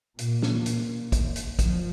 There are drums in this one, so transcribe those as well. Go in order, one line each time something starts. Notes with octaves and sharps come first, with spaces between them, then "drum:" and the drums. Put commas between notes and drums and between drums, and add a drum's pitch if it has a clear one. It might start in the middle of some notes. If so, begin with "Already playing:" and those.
A#2, drum: hi-hat
drum: snare
drum: hi-hat
drum: kick, hi-hat
drum: hi-hat
F3, drum: kick, hi-hat